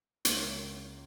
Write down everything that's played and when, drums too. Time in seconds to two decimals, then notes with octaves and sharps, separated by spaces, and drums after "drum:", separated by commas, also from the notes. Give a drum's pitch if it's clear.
0.25 C#2 C#3 A#4, drum: hi-hat
0.35 C#5
0.47 C#5